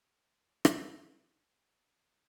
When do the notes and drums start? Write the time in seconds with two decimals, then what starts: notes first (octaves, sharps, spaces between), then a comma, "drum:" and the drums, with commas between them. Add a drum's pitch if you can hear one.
0.20 D#4
0.65 drum: rim click
1.02 D#4